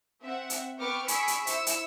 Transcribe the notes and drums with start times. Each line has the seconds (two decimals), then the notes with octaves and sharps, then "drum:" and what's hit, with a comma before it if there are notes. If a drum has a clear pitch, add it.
0.22 C4 E5 F#5
0.50 drum: hi-hat
0.78 B3 B4 G5 C#6 D6 F6
1.08 G#4 B5 C#6 E6 B6 D7, drum: hi-hat
1.28 drum: hi-hat
1.47 E4 C5 E6 C#7, drum: hi-hat
1.67 drum: hi-hat